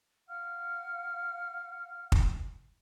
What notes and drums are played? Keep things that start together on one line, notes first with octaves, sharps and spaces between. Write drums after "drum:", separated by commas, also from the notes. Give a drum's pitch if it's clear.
F5 F#5 F6
drum: kick